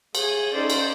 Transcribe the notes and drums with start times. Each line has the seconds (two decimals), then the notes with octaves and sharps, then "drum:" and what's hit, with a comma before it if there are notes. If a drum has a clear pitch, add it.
0.15 G#4 G#5, drum: cymbal
0.53 C#4 D#4 A4 C5 D5
0.70 drum: cymbal